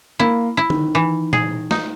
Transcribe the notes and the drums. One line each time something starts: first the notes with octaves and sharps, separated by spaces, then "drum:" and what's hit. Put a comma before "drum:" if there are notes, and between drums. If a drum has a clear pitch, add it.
A#3 E4
E4
D#3, drum: tom D3
E3
G#4, drum: tom A#2
D#4, drum: snare